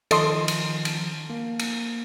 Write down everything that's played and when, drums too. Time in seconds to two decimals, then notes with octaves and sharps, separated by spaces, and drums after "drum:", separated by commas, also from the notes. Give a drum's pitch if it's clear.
0.11 D#3 F3 A4 D#5 C6, drum: cymbal
0.48 drum: cymbal
0.85 drum: cymbal
1.30 A#3
1.59 drum: cymbal